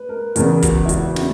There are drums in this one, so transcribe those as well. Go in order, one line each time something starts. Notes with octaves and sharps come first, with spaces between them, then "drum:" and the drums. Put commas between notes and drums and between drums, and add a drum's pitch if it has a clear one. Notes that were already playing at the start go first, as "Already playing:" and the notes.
Already playing: B4
A#4
E2 C#3 E3 B3 A#4, drum: hi-hat
F#4, drum: kick, hi-hat
E4
F#4, drum: hi-hat
drum: snare